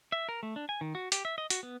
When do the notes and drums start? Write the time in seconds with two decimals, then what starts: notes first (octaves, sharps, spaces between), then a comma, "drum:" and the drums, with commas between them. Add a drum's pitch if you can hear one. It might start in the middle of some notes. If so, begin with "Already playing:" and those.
0.12 E5
0.29 A#4
0.43 A3
0.56 D4
0.69 G#5
0.81 D#3
0.95 F#4
1.12 G4, drum: hi-hat
1.25 E5
1.38 D#5
1.50 F#4, drum: hi-hat
1.63 B3